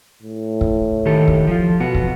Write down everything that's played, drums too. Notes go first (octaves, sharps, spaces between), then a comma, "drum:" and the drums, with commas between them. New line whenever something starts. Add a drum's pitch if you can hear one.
A2
drum: kick
D#3 G4 A4
drum: kick
F3 F4
B1 B3 F#4
drum: kick